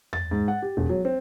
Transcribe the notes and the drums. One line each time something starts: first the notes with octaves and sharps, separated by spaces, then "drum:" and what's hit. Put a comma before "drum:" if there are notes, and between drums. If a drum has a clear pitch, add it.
A6, drum: tom E2
G#2
F#5
G4
E1
F#3
C4